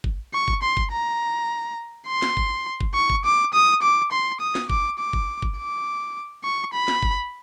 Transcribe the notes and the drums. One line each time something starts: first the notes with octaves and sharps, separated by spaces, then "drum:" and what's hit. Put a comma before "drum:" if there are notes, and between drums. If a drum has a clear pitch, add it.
drum: kick
C#6
drum: kick
C6
drum: kick
A#5
C6
drum: snare
drum: kick
drum: kick
C#6
drum: kick
D6
D#6
D6
C6
D#6
drum: snare
D6, drum: kick
D6
drum: kick
drum: kick
D6
C#6
B5
drum: snare
drum: kick